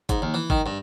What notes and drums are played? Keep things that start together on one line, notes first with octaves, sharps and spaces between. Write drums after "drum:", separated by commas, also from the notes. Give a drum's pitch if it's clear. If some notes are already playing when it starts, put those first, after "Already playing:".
G#2, drum: kick, hi-hat
D#2
E3
D#3, drum: kick
G2